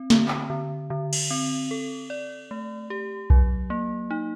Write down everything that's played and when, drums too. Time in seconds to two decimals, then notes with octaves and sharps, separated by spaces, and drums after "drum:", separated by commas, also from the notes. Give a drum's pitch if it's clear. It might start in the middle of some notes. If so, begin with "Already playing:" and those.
Already playing: C4
0.10 D3, drum: snare
0.28 drum: clap
0.50 D3
0.90 D3
1.13 drum: cymbal
1.31 C4
1.71 A4
2.10 D5
2.51 A3
2.90 G4
3.30 F#3, drum: kick B1
3.70 A#3
4.11 D#4